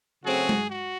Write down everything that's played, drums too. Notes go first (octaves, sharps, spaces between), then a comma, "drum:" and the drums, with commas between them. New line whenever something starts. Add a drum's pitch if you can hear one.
C#3 F#3 A3 C4 F#4 G#4
drum: tom G#3
F#4